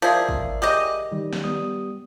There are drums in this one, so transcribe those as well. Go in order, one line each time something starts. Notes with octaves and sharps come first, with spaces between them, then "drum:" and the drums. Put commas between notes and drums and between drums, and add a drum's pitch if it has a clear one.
F3 G#4 A#4 D5 E5
drum: kick
G#3 G4 D#5
D#3 G3
drum: snare
G3 B3 D#6